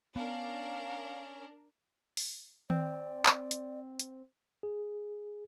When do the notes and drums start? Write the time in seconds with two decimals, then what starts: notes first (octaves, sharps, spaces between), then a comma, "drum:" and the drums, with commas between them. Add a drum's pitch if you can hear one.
0.16 B3 C#4 D4 A#4 F5
2.17 drum: open hi-hat
2.70 C4 D5, drum: tom D#3
3.26 drum: clap
3.51 drum: hi-hat
3.99 drum: hi-hat
4.63 G#4